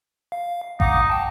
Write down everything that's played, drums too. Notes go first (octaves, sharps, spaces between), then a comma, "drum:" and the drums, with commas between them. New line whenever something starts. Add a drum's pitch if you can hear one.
F5
D#4 F5 F#5 D6, drum: kick A1
G5 A5